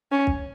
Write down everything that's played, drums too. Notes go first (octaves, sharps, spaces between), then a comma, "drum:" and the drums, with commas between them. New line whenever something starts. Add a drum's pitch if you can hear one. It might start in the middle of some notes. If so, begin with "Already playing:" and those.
C#4
drum: kick